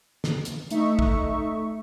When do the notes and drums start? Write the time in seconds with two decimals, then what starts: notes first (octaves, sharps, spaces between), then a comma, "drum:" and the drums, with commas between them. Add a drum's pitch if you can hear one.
0.24 drum: snare
0.45 drum: hi-hat
0.70 A3 D#4 E5 C#6, drum: hi-hat
0.99 drum: kick